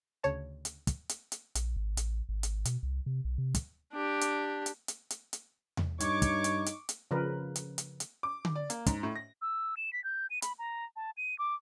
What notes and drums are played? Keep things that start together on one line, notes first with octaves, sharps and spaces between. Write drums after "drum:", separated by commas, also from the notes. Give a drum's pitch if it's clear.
D2 C#3 C#5 A5
drum: hi-hat
drum: kick, hi-hat
drum: hi-hat
drum: hi-hat
A#1, drum: hi-hat
G#1
A1, drum: hi-hat
G#1
drum: hi-hat
B2, drum: hi-hat
C2
C3
B1
C3
drum: kick, hi-hat
D4 G4
drum: hi-hat
drum: hi-hat
drum: hi-hat
drum: hi-hat
drum: hi-hat
drum: tom E2
G2 D#4 C#5 C#6 D6, drum: hi-hat
drum: kick, hi-hat
drum: hi-hat
drum: hi-hat
drum: hi-hat
C#3 F3 A#4 B4
drum: hi-hat
drum: hi-hat
drum: hi-hat
D6
drum: tom D3
D5
A#3, drum: hi-hat
G#2, drum: kick, hi-hat
A2
A#6
E6
E7
B6
G6
D#7
B5, drum: hi-hat
A#5
A5
D#7
D6